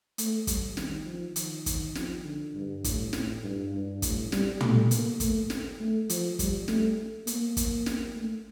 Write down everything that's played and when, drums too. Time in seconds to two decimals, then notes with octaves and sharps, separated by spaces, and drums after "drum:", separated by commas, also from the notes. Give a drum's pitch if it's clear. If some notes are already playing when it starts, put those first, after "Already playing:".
0.18 A3, drum: hi-hat
0.47 G3, drum: kick, hi-hat
0.77 D#3, drum: snare
1.06 F3
1.36 D#3, drum: hi-hat
1.66 D#3, drum: kick, hi-hat
1.95 F3, drum: snare
2.24 D3
2.55 G2
2.84 A2, drum: kick, hi-hat
3.13 A2, drum: snare
3.43 G2
3.72 G2
4.02 A2, drum: kick, hi-hat
4.32 G3, drum: snare
4.61 A3, drum: tom
4.91 A#3, drum: hi-hat
5.20 A3, drum: kick, hi-hat
5.50 drum: snare
5.80 A3
6.09 F3, drum: hi-hat
6.39 G3, drum: kick, hi-hat
6.68 A3, drum: snare
7.27 A#3, drum: hi-hat
7.57 drum: kick, hi-hat
7.86 drum: snare
8.15 A3